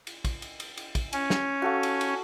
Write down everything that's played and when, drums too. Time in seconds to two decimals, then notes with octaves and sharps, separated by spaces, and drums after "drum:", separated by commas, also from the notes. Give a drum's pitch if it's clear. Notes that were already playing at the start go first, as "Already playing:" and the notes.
0.07 drum: cymbal
0.25 drum: kick, cymbal
0.42 drum: cymbal
0.60 drum: cymbal
0.77 drum: cymbal
0.95 drum: kick, cymbal
1.13 C#4, drum: cymbal
1.30 drum: snare
1.62 F#4 A4 F5
1.83 drum: cymbal
2.01 drum: cymbal